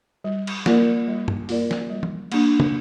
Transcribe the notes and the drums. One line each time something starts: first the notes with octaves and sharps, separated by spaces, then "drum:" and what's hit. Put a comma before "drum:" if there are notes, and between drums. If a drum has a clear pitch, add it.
G3
drum: cymbal
A#3 F4 A#4 D5, drum: snare
G3
drum: tom
A#3 F4 A#4 D5, drum: open hi-hat
drum: snare
G3
drum: tom
A#3 D4, drum: cymbal
drum: tom